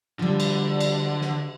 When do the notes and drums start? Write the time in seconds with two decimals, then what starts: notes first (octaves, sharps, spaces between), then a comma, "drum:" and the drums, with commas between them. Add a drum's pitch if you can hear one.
0.19 D3 F3 G3
0.40 drum: cymbal
0.81 drum: cymbal
1.21 drum: snare